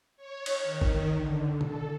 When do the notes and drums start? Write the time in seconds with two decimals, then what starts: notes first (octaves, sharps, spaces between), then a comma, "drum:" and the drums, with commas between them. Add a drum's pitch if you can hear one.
0.17 C#5
0.46 drum: cymbal
0.64 D#3
0.81 drum: kick G1
1.14 D3
1.61 A4, drum: tom B2